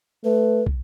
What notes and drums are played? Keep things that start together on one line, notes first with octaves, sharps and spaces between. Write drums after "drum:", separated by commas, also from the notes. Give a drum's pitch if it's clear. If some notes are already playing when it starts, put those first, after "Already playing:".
A3 B4
drum: kick